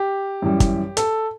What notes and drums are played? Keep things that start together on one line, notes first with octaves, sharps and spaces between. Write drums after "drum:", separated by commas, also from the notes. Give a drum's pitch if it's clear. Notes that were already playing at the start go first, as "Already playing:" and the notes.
Already playing: G4
F#2 E3 G3
drum: kick, hi-hat
A4, drum: hi-hat